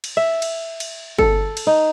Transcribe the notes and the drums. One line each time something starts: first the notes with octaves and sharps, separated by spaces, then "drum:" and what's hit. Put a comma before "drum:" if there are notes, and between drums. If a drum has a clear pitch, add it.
drum: cymbal
E5
drum: cymbal
drum: cymbal
A4, drum: kick G1
drum: cymbal
D#4